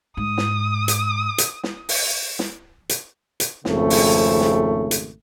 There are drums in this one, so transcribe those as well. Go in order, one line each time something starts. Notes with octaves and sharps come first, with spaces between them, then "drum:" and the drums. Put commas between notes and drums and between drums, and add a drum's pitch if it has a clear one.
G#2 D#6
drum: snare
drum: hi-hat
drum: hi-hat
drum: snare
drum: open hi-hat
drum: snare
drum: hi-hat
drum: hi-hat
G#1 F2 C#3 A3, drum: snare
drum: open hi-hat
drum: snare
drum: hi-hat